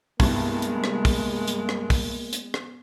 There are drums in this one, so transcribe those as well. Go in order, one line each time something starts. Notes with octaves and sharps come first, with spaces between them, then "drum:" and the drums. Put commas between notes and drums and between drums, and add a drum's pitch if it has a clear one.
C2 G2 G#3 A#3 B3, drum: kick, open hi-hat
drum: hi-hat
drum: rim click
drum: kick, open hi-hat
drum: hi-hat
drum: rim click
drum: kick, open hi-hat
drum: hi-hat
drum: rim click